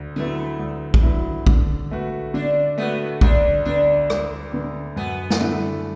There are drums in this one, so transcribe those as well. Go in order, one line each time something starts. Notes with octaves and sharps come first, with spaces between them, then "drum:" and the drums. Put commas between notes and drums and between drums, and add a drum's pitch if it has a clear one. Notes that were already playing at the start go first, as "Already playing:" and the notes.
Already playing: D2
D3 F#3 A3 B3 E4
D2
drum: kick A#1
D3 F#3 B3 E4
D3, drum: kick A#1
A3 F#4 B4
D3 D4
A3 B3 F#4 B4
D2 D4, drum: kick A#1
D3 B3 D4
D2, drum: rim click
D3 B3
F#2 B3
drum: snare
D3 A3 E4